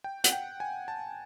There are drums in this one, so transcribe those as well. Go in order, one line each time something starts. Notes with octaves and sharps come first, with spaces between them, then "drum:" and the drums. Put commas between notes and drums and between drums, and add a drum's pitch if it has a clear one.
G5
F#5, drum: hi-hat
G5
G#5
A5